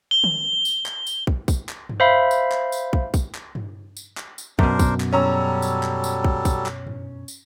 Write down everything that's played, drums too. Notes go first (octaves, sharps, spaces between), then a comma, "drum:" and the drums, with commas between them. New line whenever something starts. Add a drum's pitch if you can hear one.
G7
drum: tom D#3
drum: tambourine
drum: clap
drum: tambourine
drum: kick
drum: kick, tambourine
drum: clap
drum: tom G2
C5 E5 F5 B5
drum: tambourine
drum: clap
drum: tambourine
drum: kick
drum: kick, tambourine
drum: clap
drum: tom G2
drum: tambourine
drum: clap
drum: tambourine
F#2 B2 D4 A#4 C5, drum: kick
drum: kick, tambourine
drum: clap
F#3 G3 C#4 A4 A#5 E6
drum: tambourine
drum: clap
drum: tambourine
drum: kick
drum: kick, tambourine
drum: clap
drum: tom G2
drum: tambourine